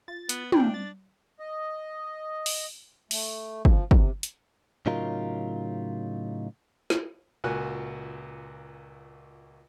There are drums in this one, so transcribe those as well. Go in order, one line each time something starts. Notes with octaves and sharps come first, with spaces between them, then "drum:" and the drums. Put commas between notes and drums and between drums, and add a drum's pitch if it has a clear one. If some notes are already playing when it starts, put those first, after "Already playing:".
F4 A6
B3, drum: hi-hat
C4 D4 G5, drum: tom
A6
D#5
drum: open hi-hat
A3, drum: open hi-hat
F3, drum: kick
C3, drum: kick
drum: hi-hat
A2 C#3 F#3 D#4 F4 A#4
drum: snare
C#2 A#2 F#4 G#5 F#6